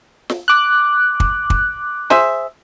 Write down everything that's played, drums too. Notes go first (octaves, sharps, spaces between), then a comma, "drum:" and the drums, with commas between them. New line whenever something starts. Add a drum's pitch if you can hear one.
drum: snare
D6 F#6
drum: kick
drum: kick
G#4 C5 E5, drum: snare